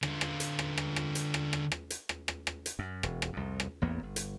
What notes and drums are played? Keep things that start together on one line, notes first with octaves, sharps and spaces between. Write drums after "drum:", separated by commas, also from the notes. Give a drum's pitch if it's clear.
D3 F4, drum: rim click
drum: rim click
drum: hi-hat
drum: rim click
drum: rim click
drum: rim click
drum: hi-hat
drum: rim click
drum: rim click
drum: rim click
drum: hi-hat
drum: rim click
drum: rim click
drum: rim click
drum: hi-hat
F#2
E1, drum: rim click
drum: rim click
C2 F2
drum: rim click
A1 E2 A#3 B3
G1
drum: hi-hat